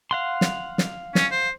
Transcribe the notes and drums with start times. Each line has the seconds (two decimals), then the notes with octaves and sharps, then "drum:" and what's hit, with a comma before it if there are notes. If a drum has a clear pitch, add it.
0.11 F5 F#5 C6
0.41 drum: snare
0.78 drum: snare
1.15 C#4, drum: snare
1.31 C5